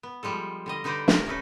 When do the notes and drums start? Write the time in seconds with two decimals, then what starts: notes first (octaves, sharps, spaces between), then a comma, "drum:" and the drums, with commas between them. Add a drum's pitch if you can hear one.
0.03 B3
0.23 F3 G3 G#3 A4
0.66 D3 G3 D#5
0.84 D3 D#4 B4 C5 D5 A#5
1.08 C3 A#4 E5, drum: snare
1.26 C#4 D#4 A4 B4